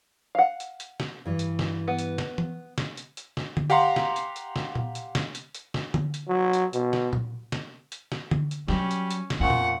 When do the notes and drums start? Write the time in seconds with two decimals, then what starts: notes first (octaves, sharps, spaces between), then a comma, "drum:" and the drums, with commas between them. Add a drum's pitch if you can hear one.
0.35 F5 F#5
0.60 drum: hi-hat
0.80 drum: hi-hat
1.00 drum: snare
1.25 G2 E3 G3
1.39 drum: hi-hat
1.59 drum: snare
1.88 B3
1.99 drum: hi-hat
2.18 drum: snare
2.38 drum: tom E3
2.78 drum: snare
2.97 drum: hi-hat
3.17 drum: hi-hat
3.37 drum: snare
3.57 drum: tom D3
3.70 G4 F5 F#5 A#5 C6
3.96 drum: snare
4.16 drum: hi-hat
4.36 drum: hi-hat
4.56 drum: snare
4.75 drum: tom A#2
4.95 drum: hi-hat
5.15 drum: snare
5.35 drum: hi-hat
5.55 drum: hi-hat
5.74 drum: snare
5.94 drum: tom D3
6.14 drum: hi-hat
6.28 F#3
6.53 drum: hi-hat
6.73 B2, drum: hi-hat
6.93 drum: snare
7.13 drum: tom A#2
7.52 drum: snare
7.92 drum: hi-hat
8.12 drum: snare
8.31 drum: tom D3
8.51 drum: hi-hat
8.68 F#3 G3 C#4, drum: snare
8.91 drum: hi-hat
9.11 drum: hi-hat
9.30 drum: snare
9.40 F2 A#2 C#4 F#5 C#6
9.50 drum: tom A#2